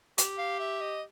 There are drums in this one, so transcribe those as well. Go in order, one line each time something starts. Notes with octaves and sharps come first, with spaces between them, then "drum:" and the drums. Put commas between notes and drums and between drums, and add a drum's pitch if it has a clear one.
G4, drum: hi-hat
F5
E5
D#5